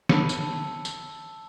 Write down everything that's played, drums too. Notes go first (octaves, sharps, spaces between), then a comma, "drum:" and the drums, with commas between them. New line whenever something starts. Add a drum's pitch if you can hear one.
A5 B5 E6 C#7, drum: snare
drum: tambourine
drum: tambourine